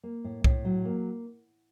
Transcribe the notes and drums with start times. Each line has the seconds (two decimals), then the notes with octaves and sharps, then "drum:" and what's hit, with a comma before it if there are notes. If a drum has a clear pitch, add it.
0.03 A#3
0.24 A2
0.44 A2, drum: kick C2
0.65 F#3
0.85 A#3